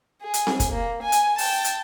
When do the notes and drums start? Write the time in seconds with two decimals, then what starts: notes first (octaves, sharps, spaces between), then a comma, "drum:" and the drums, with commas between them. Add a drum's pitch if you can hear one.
0.22 G#4
0.34 drum: hi-hat
0.47 drum: snare C4
0.60 drum: kick, hi-hat
0.72 A#3
1.03 G#5
1.12 drum: hi-hat
1.38 G5 A5, drum: open hi-hat
1.64 drum: hi-hat